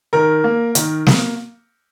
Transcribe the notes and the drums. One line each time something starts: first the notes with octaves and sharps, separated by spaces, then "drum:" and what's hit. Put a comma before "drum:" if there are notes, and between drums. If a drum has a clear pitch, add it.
D#3 A#4
A#3
D#3, drum: hi-hat
A#3, drum: snare